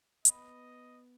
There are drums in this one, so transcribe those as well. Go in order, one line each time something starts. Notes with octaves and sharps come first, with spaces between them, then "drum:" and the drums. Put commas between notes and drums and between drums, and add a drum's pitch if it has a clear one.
B3 D#5 B5, drum: hi-hat